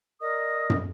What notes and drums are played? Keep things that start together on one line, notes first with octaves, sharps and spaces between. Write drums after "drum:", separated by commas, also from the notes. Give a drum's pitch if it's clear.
A#4 D5 D#5 D#6
drum: tom F#2